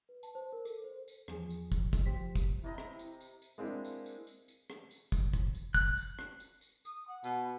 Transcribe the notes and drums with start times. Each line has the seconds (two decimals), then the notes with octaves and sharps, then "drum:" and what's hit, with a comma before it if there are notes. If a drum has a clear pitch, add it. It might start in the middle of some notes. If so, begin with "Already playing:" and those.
0.09 B4
0.23 A5, drum: tambourine
0.35 C5
0.53 A#4
0.65 A4, drum: tambourine
0.84 C5
1.08 drum: tambourine
1.28 E2 F3 G#4, drum: rim click
1.50 drum: tambourine
1.72 drum: kick, tambourine
1.93 drum: kick, tambourine
2.06 F3 G4 C5 B6
2.35 drum: kick, tambourine
2.64 C3 E4 D#5 A#5
2.78 drum: rim click
2.99 drum: tambourine
3.21 drum: tambourine
3.42 drum: tambourine
3.58 G#3 A#3 C4 D4 E4
3.84 drum: tambourine
4.06 drum: tambourine
4.27 drum: tambourine
4.48 drum: tambourine
4.70 drum: rim click
4.91 drum: tambourine
5.12 drum: kick, tambourine
5.33 drum: kick, tambourine
5.55 drum: tambourine
5.74 F#6, drum: kick, tambourine
5.97 drum: tambourine
6.19 drum: rim click
6.40 drum: tambourine
6.61 drum: tambourine
6.85 D#6, drum: tambourine
7.07 F#5
7.24 B2, drum: tambourine
7.44 B5